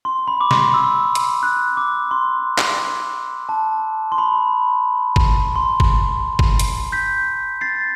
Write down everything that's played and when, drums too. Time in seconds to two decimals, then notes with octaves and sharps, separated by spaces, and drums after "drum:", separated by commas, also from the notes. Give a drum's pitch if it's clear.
0.05 C6
0.28 B5
0.41 D6
0.51 C6, drum: snare
0.74 E6
1.15 drum: hi-hat
1.43 F#6
1.77 D6
2.11 C6
2.58 drum: clap
3.49 A5
4.12 C6
4.18 B5
5.16 drum: kick
5.56 C6
5.80 drum: kick
6.39 drum: kick
6.60 drum: hi-hat
6.92 G6 B6
7.61 A6 C7